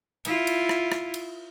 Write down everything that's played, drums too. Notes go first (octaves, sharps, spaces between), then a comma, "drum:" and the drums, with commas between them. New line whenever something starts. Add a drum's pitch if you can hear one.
E4 F4, drum: cymbal
drum: cymbal
drum: rim click
drum: rim click
drum: cymbal